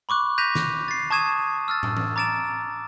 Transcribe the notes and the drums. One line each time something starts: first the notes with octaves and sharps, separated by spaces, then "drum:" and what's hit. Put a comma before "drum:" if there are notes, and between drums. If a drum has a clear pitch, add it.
B5 C#6 D6 F#6
F#6 G6 A#6 B6 D#7 F7
drum: snare
A6 C7
A5 C#6 D#6 G#6 D#7 E7
E6 F6 A6
drum: tom
drum: tom
A#5 D6 A6 D7 E7